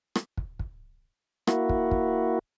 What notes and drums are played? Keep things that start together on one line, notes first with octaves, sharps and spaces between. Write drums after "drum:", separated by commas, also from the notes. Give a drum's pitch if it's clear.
drum: rim click
drum: kick
drum: kick
A#3 E4 F#4, drum: rim click
drum: kick
drum: kick